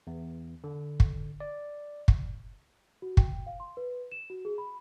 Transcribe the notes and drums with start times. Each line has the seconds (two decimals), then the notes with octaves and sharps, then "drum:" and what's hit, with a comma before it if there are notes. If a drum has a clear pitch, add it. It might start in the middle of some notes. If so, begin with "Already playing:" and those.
0.07 E2
0.64 D3
1.00 drum: kick
1.40 D5
2.08 drum: kick
3.02 F#4
3.17 G5, drum: kick
3.47 F5
3.60 C6
3.77 B4
4.12 E7
4.30 F#4
4.45 G#4
4.58 B5